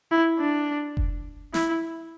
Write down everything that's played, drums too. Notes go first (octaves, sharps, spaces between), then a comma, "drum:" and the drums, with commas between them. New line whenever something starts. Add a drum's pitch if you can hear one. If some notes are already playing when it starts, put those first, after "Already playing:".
E4
D4
drum: kick F1
E4, drum: snare